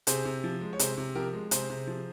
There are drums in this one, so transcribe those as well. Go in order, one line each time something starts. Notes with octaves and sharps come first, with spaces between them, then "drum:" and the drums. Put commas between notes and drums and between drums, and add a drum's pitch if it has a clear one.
C3 G#4 C5, drum: hi-hat
C3
F3
G#3
C#5
C3 G#4 C5, drum: hi-hat
C3
F3 G4 A#4
G#3
C3 G#4 C5, drum: hi-hat
C3
F3